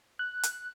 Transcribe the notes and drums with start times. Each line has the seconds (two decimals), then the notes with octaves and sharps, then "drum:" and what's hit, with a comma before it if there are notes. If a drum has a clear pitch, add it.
0.19 F#6
0.43 drum: hi-hat